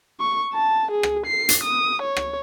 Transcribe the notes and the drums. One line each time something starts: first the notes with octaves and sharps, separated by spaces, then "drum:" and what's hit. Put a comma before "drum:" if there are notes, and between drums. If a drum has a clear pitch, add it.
C#6
A5
G#4
drum: rim click
C7
drum: hi-hat
D#6
C#5
drum: rim click